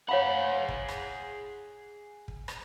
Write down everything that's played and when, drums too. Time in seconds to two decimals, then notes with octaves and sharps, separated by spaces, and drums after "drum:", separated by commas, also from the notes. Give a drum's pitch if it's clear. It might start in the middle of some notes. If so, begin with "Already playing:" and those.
0.09 G#4 C#5 F5 F#5 B5
0.69 drum: kick
0.88 drum: rim click
2.28 drum: kick
2.48 drum: rim click